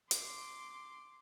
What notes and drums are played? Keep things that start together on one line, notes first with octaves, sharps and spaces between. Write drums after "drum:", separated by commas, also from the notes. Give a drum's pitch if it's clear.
C6 D6, drum: hi-hat